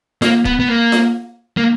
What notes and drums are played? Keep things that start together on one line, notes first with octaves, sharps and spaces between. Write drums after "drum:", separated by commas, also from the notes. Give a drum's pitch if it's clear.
A#3, drum: snare F4
B3, drum: kick
B3
A#3
drum: snare F4
A#3